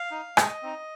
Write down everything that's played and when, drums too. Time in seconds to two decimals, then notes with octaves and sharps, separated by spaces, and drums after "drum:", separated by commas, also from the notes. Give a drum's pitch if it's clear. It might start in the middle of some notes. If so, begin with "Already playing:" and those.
Already playing: F5
0.11 D#4
0.37 G#3 D#5, drum: rim click
0.62 C4 D#4